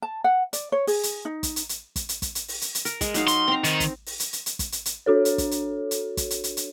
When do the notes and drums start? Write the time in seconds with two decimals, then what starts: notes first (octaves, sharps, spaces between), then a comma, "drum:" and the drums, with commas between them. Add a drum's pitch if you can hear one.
0.02 A5
0.24 F#5
0.53 D5, drum: hi-hat
0.72 C#5
0.87 G#4, drum: open hi-hat
1.03 drum: hi-hat
1.25 D#4
1.43 drum: kick, hi-hat
1.56 drum: hi-hat
1.69 drum: hi-hat
1.96 drum: kick, hi-hat
2.09 drum: hi-hat
2.22 drum: kick, hi-hat
2.35 drum: hi-hat
2.48 drum: open hi-hat
2.61 drum: hi-hat
2.75 drum: hi-hat
2.85 A#4, drum: hi-hat
3.01 G#3, drum: kick, hi-hat
3.14 F#3 D#4 F5, drum: hi-hat
3.28 C6, drum: hi-hat
3.48 C4 A#5
3.64 D#3, drum: hi-hat
3.80 drum: kick, hi-hat
4.06 drum: open hi-hat
4.20 drum: hi-hat
4.33 drum: hi-hat
4.46 drum: hi-hat
4.59 drum: kick, hi-hat
4.72 drum: hi-hat
4.85 drum: hi-hat
5.06 D4 F#4 A4 C#5
5.25 drum: hi-hat
5.38 drum: kick, hi-hat
5.51 drum: hi-hat
5.91 drum: hi-hat
6.17 drum: kick, hi-hat
6.30 drum: hi-hat
6.44 drum: hi-hat
6.57 drum: hi-hat